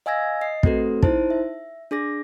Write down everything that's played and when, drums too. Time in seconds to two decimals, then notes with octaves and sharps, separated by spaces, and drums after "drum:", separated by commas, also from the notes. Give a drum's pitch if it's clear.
0.06 D#5 F5 G#5 E6 G#6 A#6
0.41 D#5 C7
0.63 A3 C4 F#4 A4 B4, drum: kick
1.03 D#4 E4 C5 A5, drum: kick
1.30 E5
1.91 D4 G#4 D6 A#6